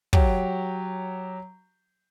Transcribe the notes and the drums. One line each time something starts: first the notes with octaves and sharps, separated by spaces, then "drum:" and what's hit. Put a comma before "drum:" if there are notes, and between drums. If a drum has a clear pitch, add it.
F#3 G4, drum: kick